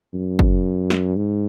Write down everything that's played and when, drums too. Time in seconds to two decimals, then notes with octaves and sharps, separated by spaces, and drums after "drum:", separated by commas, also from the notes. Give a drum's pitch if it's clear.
0.14 F#2
0.39 drum: kick
0.90 drum: snare
1.16 G#2